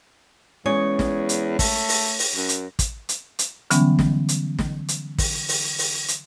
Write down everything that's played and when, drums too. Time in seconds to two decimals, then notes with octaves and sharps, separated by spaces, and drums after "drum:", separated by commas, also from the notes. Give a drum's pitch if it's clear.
0.66 E2 G#3 C#4 C#5
0.99 drum: snare
1.29 drum: hi-hat
1.59 A3, drum: kick, open hi-hat
1.89 A#6, drum: open hi-hat
2.19 drum: open hi-hat
2.36 F#2
2.49 drum: hi-hat
2.79 drum: kick, hi-hat
3.09 drum: hi-hat
3.39 drum: hi-hat
3.71 D3 E3 F#3 G3 B3 C#4, drum: hi-hat
3.99 drum: snare
4.29 drum: hi-hat
4.59 drum: snare
4.88 drum: hi-hat
5.18 drum: kick, open hi-hat
5.48 drum: open hi-hat
5.78 drum: open hi-hat
6.08 drum: hi-hat